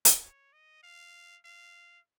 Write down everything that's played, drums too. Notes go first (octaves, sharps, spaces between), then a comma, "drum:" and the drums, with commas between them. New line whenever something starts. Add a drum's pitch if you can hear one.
drum: hi-hat
C#5
D#5
F5
F5